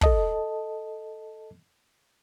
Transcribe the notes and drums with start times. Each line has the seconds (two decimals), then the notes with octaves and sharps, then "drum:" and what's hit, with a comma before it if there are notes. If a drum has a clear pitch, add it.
0.01 A4 D#5 A5, drum: kick